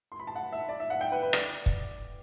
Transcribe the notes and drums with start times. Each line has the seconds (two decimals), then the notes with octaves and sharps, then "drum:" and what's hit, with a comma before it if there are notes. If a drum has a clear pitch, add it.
0.12 C6
0.19 B5
0.27 A5
0.36 F#5
0.52 E5
0.69 D5
0.80 E5
0.90 F#5
1.01 G5
1.12 B4
1.23 B4
1.33 D5, drum: rim click
1.66 drum: kick